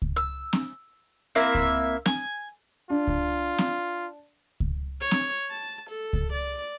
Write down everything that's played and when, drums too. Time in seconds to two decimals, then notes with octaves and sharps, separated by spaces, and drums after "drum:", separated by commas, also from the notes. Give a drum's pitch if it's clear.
0.02 drum: kick C#2
0.16 E6
0.53 drum: snare C4
1.35 A#3 C4 E4 E5
1.55 drum: kick C#2
2.06 G#5, drum: snare C4
2.90 D4 F4
3.07 drum: kick C#2
3.58 drum: snare C4
4.60 drum: kick C#2
5.01 C#5
5.11 drum: snare C4
5.50 A5
5.90 A4
6.13 drum: kick C#2
6.33 D5